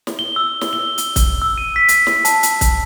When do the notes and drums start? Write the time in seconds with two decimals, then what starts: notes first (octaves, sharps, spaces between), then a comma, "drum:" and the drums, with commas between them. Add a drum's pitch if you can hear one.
0.07 drum: snare
0.19 G7
0.36 E6
0.61 drum: snare
0.73 G7
0.98 drum: hi-hat
1.16 drum: kick, hi-hat
1.42 E6
1.58 D#7
1.76 B6
1.88 drum: hi-hat
2.07 drum: snare
2.25 A5, drum: hi-hat
2.43 drum: hi-hat
2.61 drum: kick, hi-hat